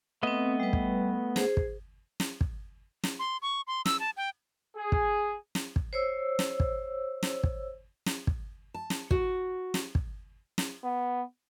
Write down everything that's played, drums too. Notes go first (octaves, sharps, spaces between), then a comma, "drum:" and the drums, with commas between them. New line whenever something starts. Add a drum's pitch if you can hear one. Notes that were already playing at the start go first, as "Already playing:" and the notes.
A3 B3 C4 B4 D#5
G3 B4
drum: kick
G#4 C5, drum: snare
drum: kick
drum: snare
drum: kick
drum: snare
C6
C#6
C6
E6, drum: snare
A5
G5
G#4
drum: kick
drum: snare
drum: kick
C5 C#5 E6
drum: snare
drum: kick
drum: snare
drum: kick
drum: snare
drum: kick
A5
drum: snare
F#4, drum: kick
drum: snare
drum: kick
drum: snare
B3